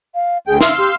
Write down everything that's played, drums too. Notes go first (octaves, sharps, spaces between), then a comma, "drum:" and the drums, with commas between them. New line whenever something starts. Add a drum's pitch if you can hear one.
F5
D2 G#4 G5
E5 F5 C6 E6, drum: snare
G4